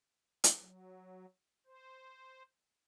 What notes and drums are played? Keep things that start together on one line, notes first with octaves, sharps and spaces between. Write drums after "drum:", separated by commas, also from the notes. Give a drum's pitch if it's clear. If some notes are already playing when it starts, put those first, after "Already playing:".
drum: hi-hat
F#3
C5